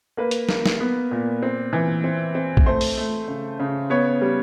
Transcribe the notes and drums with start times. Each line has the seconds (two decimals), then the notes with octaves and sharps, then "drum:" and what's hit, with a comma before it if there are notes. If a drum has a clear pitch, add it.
0.17 A#3 B4
0.31 drum: hi-hat
0.49 A#3, drum: snare
0.66 drum: snare
0.80 B3
1.11 A#2
1.42 C4
1.73 E3
2.04 C4
2.35 C4
2.57 drum: kick A#1
2.66 A3 C5
2.81 drum: open hi-hat
2.98 A3
3.28 C#3
3.59 C#3
3.90 B3 C#5
4.22 G3